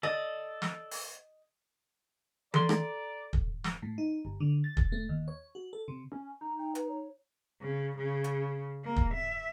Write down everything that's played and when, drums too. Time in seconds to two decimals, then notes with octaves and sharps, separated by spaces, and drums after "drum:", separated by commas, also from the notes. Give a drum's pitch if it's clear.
0.03 A4 D5 D#5
0.62 drum: snare
0.91 drum: open hi-hat
2.54 A4 D5 A#5 C6 D6, drum: tom E3
2.69 drum: rim click
3.33 drum: kick
3.64 drum: snare
3.82 A2
3.98 D#4
4.25 G1
4.40 D3
4.64 A6
4.77 drum: kick
4.92 A3
5.09 D#2
5.28 C#5
5.55 F#4
5.73 A4
5.88 C3
6.12 C#4
6.41 D#4
6.59 D#4 G5
6.75 B4, drum: hi-hat
6.89 C#5
7.61 C#3
7.97 C#3
8.24 drum: hi-hat
8.84 A#3
8.96 drum: kick
9.14 E5